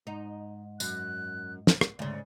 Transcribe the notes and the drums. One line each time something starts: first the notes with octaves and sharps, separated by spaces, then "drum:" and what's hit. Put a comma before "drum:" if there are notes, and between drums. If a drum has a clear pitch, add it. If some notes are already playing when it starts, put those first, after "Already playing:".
G#2 D#4
F#2 F#6, drum: tambourine
drum: snare
drum: rim click
D2 G#2 C#3 D5